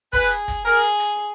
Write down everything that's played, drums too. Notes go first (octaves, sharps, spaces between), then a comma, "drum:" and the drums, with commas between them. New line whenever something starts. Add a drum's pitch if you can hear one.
G#4 B4, drum: kick, hi-hat
drum: hi-hat
drum: kick, hi-hat
G#4 A#4
drum: hi-hat
drum: hi-hat